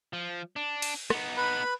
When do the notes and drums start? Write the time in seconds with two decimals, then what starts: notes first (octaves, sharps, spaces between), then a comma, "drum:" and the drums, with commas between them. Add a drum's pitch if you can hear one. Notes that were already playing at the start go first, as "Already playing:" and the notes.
0.13 F3
0.56 D4
0.82 drum: cymbal
1.10 B3 D#4, drum: rim click
1.37 B4 B5